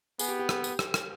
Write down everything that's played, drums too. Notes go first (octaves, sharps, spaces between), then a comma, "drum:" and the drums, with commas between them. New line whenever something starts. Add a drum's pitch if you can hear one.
B3 G#4, drum: tambourine
G4
G4
drum: rim click
drum: tambourine
drum: rim click
drum: rim click